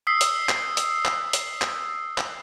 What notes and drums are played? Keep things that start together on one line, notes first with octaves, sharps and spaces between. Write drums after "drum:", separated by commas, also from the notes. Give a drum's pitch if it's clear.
D#6 E6 B6 C7
drum: hi-hat
drum: clap
drum: hi-hat
drum: clap
drum: hi-hat
drum: clap
drum: clap